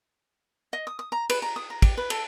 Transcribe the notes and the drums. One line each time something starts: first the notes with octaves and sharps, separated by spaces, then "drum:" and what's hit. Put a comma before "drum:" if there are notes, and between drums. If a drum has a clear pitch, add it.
D#5
D#6
D#6
A#5
B4, drum: cymbal
A#5
D#6
A#5
G4, drum: kick, cymbal
B4
A4, drum: cymbal